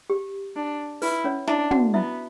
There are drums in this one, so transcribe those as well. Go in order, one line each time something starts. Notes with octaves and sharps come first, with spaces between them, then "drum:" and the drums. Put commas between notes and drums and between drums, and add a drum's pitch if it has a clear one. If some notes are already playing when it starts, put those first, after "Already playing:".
G4
D4
E4 B4, drum: open hi-hat
C#4 C#5
D4 E4 E5, drum: snare
F#4 F#5, drum: tom
B3 E4 E5